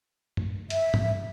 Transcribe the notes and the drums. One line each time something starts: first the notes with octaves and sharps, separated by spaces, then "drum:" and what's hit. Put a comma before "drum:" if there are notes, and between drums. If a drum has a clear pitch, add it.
drum: tom F#2
E5, drum: hi-hat
drum: tom G2